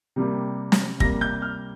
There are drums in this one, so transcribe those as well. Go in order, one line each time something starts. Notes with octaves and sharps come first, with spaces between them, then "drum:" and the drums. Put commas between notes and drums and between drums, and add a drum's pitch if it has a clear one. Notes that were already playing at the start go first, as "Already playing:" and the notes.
C3 G3 A#3
drum: snare
C3 G3 A#3 A#6, drum: kick
G6
F6